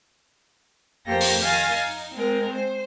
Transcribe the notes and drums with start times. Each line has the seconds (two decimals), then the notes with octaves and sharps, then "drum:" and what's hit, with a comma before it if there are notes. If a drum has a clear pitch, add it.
1.07 F2 A#3 G4 A4 C5 A#6
1.21 drum: open hi-hat
1.39 D#3 F5 G#5 A6 A#6
1.72 D#4
2.14 G#3 C4 A#4
2.52 C5